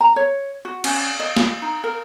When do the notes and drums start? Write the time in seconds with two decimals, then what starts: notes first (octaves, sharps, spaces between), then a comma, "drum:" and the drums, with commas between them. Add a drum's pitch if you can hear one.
0.01 A#5
0.16 C#5
0.65 F#4
0.84 C#4, drum: cymbal
1.20 D#5
1.37 drum: snare
1.62 D#4
1.84 A#4